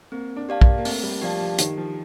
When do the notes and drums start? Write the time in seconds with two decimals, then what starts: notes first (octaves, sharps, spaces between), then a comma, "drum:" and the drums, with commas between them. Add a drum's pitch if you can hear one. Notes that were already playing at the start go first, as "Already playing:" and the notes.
0.12 A#3 C4
0.36 D4
0.49 G4 D5 F5 A5
0.61 A#3, drum: kick
0.78 A#3
0.85 A3 C4, drum: open hi-hat
1.03 G3
1.22 F3 G4 D5 F5 A5
1.41 F3
1.58 D#3 G4, drum: hi-hat
1.77 F3